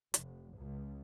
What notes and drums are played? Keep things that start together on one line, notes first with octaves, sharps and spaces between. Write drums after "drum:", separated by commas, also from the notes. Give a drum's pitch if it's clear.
F1, drum: hi-hat
C#2